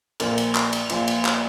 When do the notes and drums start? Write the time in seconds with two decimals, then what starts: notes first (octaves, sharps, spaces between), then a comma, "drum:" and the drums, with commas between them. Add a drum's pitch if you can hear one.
0.20 A#1 A#2 F3 A#4, drum: cymbal
0.38 drum: cymbal
0.55 drum: clap
0.73 drum: cymbal
0.90 A#1 A#2 F3, drum: cymbal
1.08 drum: cymbal
1.25 drum: clap